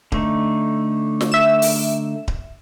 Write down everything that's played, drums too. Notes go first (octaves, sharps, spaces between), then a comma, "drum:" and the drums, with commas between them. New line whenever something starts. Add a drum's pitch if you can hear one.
D3 A3 D#4, drum: kick D1
drum: snare
E5 E7
drum: open hi-hat
drum: kick D1